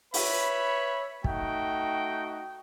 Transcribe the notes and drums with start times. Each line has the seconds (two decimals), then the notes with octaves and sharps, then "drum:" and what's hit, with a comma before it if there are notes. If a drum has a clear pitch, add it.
0.14 B4 C#5 E5 B5, drum: open hi-hat
1.24 A3 D#4 F#4 G5, drum: kick